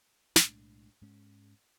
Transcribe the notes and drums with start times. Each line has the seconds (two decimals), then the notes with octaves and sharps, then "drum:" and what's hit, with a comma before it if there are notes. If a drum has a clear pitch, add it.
0.36 B1 A2 G#3 D4, drum: snare
1.01 G#2 G#3 C#4